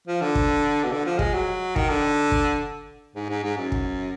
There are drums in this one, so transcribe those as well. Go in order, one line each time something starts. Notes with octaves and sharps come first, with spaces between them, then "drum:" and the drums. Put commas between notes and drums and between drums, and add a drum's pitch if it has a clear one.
F3
D3
drum: kick
B2
D3
F3
G#3, drum: kick
F#3
D#3, drum: kick
D3
drum: kick
G#2
G#2
G#2
F#2
drum: kick